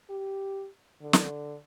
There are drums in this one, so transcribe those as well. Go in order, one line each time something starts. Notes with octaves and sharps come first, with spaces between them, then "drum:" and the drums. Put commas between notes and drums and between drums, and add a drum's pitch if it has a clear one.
G4
D3
drum: snare